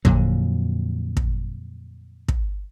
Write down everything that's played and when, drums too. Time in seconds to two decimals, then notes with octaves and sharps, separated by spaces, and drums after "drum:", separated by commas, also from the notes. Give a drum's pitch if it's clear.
0.05 F2 A#2 D3 F#3, drum: kick
1.17 drum: kick
2.28 drum: kick